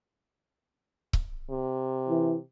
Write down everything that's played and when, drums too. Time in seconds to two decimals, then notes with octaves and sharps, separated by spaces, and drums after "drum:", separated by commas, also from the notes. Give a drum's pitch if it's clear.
1.13 drum: kick C#1
1.50 C3
2.09 E3